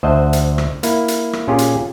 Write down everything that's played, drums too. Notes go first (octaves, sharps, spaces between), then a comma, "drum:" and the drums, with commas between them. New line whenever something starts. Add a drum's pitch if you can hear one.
D2 C5 D#5 E5 F#5 A5
drum: hi-hat
drum: rim click
A#3 E4, drum: hi-hat
drum: hi-hat
drum: rim click
A#2 C#4 F4 G4 G#4
drum: hi-hat